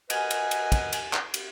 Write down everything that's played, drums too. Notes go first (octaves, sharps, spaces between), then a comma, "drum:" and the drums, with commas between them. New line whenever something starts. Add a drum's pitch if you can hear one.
F#4 A#4 B4 D#5 G#5, drum: cymbal
drum: cymbal
drum: cymbal
drum: kick, cymbal
drum: cymbal
drum: clap
drum: cymbal